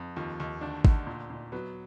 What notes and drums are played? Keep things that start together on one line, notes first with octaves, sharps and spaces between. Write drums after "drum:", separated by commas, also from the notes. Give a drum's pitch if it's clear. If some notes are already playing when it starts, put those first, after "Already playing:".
Already playing: F2
D#2 F4
D#2
D2 D4
D2, drum: kick G#1
A#2
A#2
F#3 B3